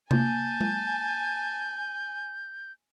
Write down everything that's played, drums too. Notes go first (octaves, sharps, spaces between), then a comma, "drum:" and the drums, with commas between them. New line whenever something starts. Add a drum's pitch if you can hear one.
A#3 F4 G#5 A5 G6, drum: tom C3
drum: tom G#3